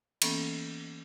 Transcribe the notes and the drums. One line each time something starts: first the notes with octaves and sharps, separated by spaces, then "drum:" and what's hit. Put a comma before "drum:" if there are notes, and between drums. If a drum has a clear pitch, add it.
E3 A#3 B3 C#4 A4, drum: cymbal